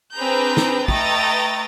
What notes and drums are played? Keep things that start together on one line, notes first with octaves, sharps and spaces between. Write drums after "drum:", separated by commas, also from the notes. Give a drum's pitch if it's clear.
C4 D4 G#4 B4 A#5 G6
drum: snare
A3 B4 D#5 G5 A#5 A6, drum: kick